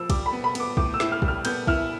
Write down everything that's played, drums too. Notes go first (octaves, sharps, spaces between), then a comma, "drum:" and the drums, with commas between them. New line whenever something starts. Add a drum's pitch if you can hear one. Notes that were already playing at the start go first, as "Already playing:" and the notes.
Already playing: F3 E6
G3 D6, drum: kick, cymbal
B5
B3
B5
B3 D6, drum: cymbal
A2 D6, drum: kick
E6
E4, drum: snare
F6
G3, drum: kick
F6
B3 G6, drum: cymbal
E4 F6, drum: kick